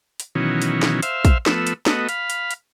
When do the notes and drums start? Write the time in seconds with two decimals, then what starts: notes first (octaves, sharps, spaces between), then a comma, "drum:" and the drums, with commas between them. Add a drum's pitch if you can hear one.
0.20 drum: hi-hat
0.35 B2 D#3 E3 F#3 C#4
0.62 drum: hi-hat
0.83 drum: snare
1.03 C5 E5 F5, drum: hi-hat
1.25 drum: kick, hi-hat
1.46 F3 A3 B3 E6, drum: snare
1.67 drum: hi-hat
1.86 A3 B3 F#4 D#5, drum: snare
2.09 F5 B5, drum: hi-hat
2.30 drum: hi-hat
2.51 drum: hi-hat